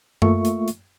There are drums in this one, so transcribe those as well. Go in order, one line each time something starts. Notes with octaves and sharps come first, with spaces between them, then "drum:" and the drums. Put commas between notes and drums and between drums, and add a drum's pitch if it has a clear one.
A3 A#3 F4 E5 C#6, drum: tom F#2
drum: hi-hat
drum: hi-hat